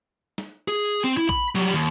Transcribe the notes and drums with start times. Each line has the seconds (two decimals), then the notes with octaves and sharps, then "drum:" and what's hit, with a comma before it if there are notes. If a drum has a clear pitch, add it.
0.38 drum: snare
0.68 G#4
1.04 C4
1.17 E4
1.29 B5, drum: kick A#1
1.55 F#3 G3
1.74 D#2